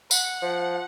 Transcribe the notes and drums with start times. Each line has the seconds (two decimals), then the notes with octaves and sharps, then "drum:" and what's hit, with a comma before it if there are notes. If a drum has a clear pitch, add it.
0.11 F#5, drum: tambourine
0.42 F3